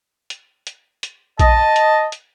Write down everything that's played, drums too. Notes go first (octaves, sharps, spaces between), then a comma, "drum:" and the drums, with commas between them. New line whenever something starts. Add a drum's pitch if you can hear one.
drum: hi-hat
drum: hi-hat
drum: hi-hat
D#5 A5, drum: kick A#1, hi-hat
drum: hi-hat
drum: hi-hat